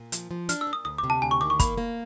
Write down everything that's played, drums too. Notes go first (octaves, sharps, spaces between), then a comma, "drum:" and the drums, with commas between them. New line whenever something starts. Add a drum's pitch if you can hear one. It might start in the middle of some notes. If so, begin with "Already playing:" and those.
Already playing: A#2
F3, drum: hi-hat
F3
D4 F6, drum: hi-hat
E6
A#2
D#6
D2 D#6
D6
C3
A5
D2 G#5
C#6
D#3 D6
C#6
A#3 B5, drum: kick, hi-hat
A#3